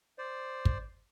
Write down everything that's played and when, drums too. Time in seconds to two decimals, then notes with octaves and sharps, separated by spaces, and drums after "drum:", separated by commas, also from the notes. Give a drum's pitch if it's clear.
0.18 C5 D5
0.65 drum: kick